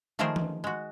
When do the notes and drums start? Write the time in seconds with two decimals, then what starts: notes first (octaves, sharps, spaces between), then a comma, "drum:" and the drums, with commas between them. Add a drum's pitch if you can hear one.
0.19 D#3 F3 A3 G#4 A#4 C5
0.36 drum: tom E3
0.64 G#3 F#4